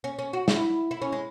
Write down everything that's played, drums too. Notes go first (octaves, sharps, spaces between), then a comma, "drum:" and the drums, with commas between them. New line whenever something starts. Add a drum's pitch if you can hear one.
C#4
C#4
F#4
E4, drum: snare
E4
C#4
G#3